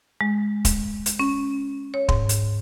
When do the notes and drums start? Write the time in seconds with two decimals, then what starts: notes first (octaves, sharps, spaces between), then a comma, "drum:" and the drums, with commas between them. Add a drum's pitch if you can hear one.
0.21 G#3
0.65 drum: kick, hi-hat
1.06 drum: hi-hat
1.19 C#4
1.94 C#5
2.09 G#2, drum: kick
2.29 drum: hi-hat